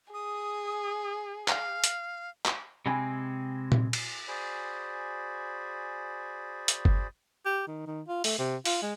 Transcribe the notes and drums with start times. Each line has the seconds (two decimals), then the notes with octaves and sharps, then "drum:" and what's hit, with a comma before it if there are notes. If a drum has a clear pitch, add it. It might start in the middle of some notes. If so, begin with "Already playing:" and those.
0.14 G#4 D#6
1.48 F5, drum: clap
1.84 drum: hi-hat
2.46 drum: clap
2.86 C3 G#3 C4 G#5 B5
3.72 drum: tom A#2
3.93 drum: cymbal
4.28 F#4 G#4 C5 D5 G#5 B5
6.68 drum: hi-hat
6.85 drum: kick G1
7.45 G4
7.68 D#3
7.87 D#3
8.08 F4
8.24 A3, drum: open hi-hat
8.39 C3
8.65 F4, drum: open hi-hat
8.82 G#3